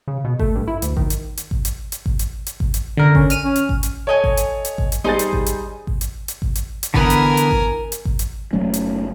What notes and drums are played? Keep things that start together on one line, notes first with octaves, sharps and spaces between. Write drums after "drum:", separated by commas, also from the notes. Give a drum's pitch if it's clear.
C#3
B2
A3, drum: kick G#1
G2
E4
D2, drum: hi-hat
D#3, drum: kick G#1
drum: hi-hat
drum: hi-hat
drum: kick G#1
drum: hi-hat
drum: hi-hat
drum: kick G#1
drum: hi-hat
drum: hi-hat
drum: kick G#1
drum: hi-hat
F#2 D3 A#4
C#4, drum: kick G#1
F6 D#7, drum: hi-hat
C#4
drum: hi-hat
drum: kick G#1
drum: hi-hat
A4 C#5 D#5 G#5
drum: kick G#1
drum: hi-hat
drum: hi-hat
drum: kick G#1
drum: hi-hat
G3 D#4 G#4 C5 D#5 A6
drum: hi-hat
drum: kick G#1
drum: hi-hat
drum: kick G#1
drum: hi-hat
drum: hi-hat
drum: kick G#1
drum: hi-hat
drum: hi-hat
D3 E3 B3 A#4 G#5, drum: kick G#1
drum: hi-hat
drum: hi-hat
drum: kick G#1
drum: hi-hat
drum: kick G#1
drum: hi-hat
F#1 F#3 A3 C#4
drum: hi-hat